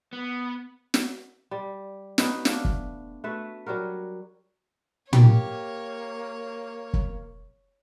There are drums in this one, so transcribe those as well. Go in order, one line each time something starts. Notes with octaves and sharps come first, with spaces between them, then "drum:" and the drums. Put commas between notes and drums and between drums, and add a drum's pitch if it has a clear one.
B3
drum: snare
G3
B3 C#4 D#4 B4, drum: snare
A3 D4 F5, drum: snare
drum: kick
A3 F#4 B4 E5
F#3 G3 F#4 A#4
A#3 G4 C#5, drum: tom
drum: kick